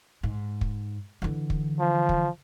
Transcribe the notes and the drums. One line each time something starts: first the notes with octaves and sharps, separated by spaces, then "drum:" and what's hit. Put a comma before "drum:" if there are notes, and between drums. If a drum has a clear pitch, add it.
G#2
drum: kick
D3 E3
drum: kick
F3
drum: kick